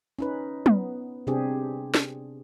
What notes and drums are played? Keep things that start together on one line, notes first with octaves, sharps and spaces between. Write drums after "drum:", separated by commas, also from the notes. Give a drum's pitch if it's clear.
C#4 D#4 B4
B3, drum: tom
C3 C4 D4 G4 G#4
drum: snare